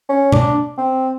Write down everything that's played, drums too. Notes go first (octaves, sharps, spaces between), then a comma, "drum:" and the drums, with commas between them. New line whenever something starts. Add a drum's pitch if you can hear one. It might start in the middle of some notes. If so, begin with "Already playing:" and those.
C#4
D4, drum: tom B2
C4